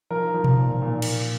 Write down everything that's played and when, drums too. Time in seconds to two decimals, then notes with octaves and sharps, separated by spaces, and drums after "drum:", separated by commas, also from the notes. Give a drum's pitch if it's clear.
0.10 F3 A#4
0.34 F3
0.44 drum: tom B2
0.58 A#2
0.82 A#2
1.02 drum: cymbal